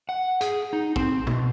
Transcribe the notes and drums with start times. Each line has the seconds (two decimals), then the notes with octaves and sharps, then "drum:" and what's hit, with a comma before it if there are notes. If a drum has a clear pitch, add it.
0.09 F#5
0.41 G#4, drum: hi-hat
0.73 D#4
0.96 C4, drum: kick
1.27 B2, drum: tom